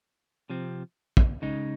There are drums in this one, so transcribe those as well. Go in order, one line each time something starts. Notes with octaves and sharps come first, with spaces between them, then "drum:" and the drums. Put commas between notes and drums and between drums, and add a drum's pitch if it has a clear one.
C3 F3 C4
drum: kick
C#3 G#3 D#4